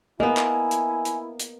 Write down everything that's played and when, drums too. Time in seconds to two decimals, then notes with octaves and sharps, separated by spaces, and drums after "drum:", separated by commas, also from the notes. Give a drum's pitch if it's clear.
0.20 A#3 B3 E4 D#5 G#5
0.37 drum: clap
0.71 drum: hi-hat
1.05 drum: hi-hat
1.40 drum: hi-hat